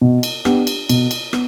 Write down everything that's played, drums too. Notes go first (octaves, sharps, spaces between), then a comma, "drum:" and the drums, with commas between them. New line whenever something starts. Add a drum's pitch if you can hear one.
B2
drum: cymbal
B3 D4 G4, drum: rim click
drum: cymbal
B2, drum: cymbal
drum: cymbal
B3, drum: rim click